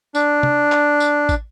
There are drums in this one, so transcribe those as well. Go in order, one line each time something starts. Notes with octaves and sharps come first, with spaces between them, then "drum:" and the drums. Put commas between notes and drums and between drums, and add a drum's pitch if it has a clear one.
D4, drum: tambourine
drum: tom
drum: clap
drum: tambourine
drum: kick, tambourine